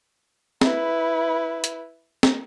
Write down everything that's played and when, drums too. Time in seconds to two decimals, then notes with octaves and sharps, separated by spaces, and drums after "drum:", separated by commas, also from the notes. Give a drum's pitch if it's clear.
0.61 E4 B4, drum: snare C4
1.64 drum: hi-hat
2.23 drum: snare C4